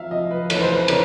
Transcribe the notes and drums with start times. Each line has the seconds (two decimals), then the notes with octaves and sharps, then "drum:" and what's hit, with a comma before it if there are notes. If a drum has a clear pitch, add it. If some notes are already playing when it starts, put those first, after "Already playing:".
Already playing: F3 F#3 E5 F5
0.11 F3 D#5
0.31 B4
0.50 E2 B4, drum: cymbal
0.62 C5
0.73 B4
0.88 C#3, drum: cymbal